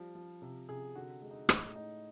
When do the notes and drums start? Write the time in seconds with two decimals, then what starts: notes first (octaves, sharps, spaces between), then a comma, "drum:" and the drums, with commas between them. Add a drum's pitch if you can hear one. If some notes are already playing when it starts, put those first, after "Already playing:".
Already playing: F3 G3
0.15 F3
0.42 C3
0.69 C3 G#4
0.95 D3 F#4
1.22 G#3
1.31 D#4
1.49 A2 D#4, drum: rim click
1.75 A2 D#4